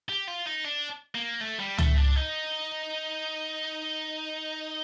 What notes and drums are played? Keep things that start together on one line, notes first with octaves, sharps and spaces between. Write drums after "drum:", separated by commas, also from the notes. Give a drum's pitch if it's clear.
G4
F4
D#4
D4
A#3
A3
G3
A3, drum: tom C#2
D4
D#4